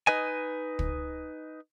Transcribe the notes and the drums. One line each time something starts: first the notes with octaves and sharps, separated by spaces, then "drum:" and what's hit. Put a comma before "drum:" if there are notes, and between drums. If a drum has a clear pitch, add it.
D#4 B4 D#5 G#5
drum: kick